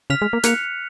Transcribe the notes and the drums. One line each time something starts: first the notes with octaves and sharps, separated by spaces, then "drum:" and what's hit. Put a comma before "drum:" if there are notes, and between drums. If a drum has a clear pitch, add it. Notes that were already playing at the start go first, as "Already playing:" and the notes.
C#3 F6 B6 F7
G#3
A#3
A#3 F#6 C#7 F7, drum: hi-hat